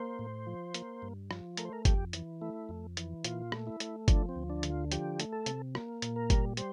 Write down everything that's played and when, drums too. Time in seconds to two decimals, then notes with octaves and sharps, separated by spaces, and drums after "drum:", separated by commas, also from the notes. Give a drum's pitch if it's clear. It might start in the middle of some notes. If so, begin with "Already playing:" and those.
Already playing: A#3 C5
0.19 A2
0.47 F3
0.74 A#3, drum: hi-hat
1.02 G2
1.31 F3, drum: rim click
1.57 A3 A#4, drum: hi-hat
1.65 C5
1.73 A#4
1.85 F2 G4, drum: kick G1, hi-hat
2.13 E3, drum: hi-hat
2.41 A3 E4
2.69 F2
2.97 E3, drum: hi-hat
3.24 A#2 F4, drum: hi-hat
3.52 A3, drum: rim click
3.67 E4
3.80 A3, drum: hi-hat
4.08 F3 D4, drum: kick G1, hi-hat
4.29 C4
4.36 D2
4.50 D4
4.63 D3, drum: hi-hat
4.70 F4
4.92 F3 G4, drum: hi-hat
5.20 A3, drum: hi-hat
5.32 A4
5.46 C3, drum: hi-hat
5.75 A#3, drum: rim click
6.02 A#2, drum: hi-hat
6.16 A#4
6.30 G3, drum: kick G1, hi-hat
6.57 G3 C5, drum: hi-hat